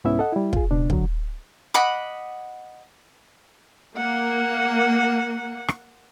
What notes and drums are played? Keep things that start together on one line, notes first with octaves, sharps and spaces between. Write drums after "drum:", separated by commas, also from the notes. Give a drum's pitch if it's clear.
C2 G#2 B3 C#4 E4 E5
A4 D#5 F#5
G3 E4
F4 G#4, drum: kick
C#2 B2 D4
D3 F#3, drum: kick
D#5 F#5 B5 D6
A#3 F#5
drum: rim click